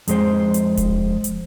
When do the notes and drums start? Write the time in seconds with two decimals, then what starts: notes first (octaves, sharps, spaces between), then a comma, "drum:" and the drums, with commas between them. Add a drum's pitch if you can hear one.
0.08 F2 G#3 C5, drum: hi-hat
0.54 drum: hi-hat
0.77 drum: kick D#1, hi-hat
1.24 drum: hi-hat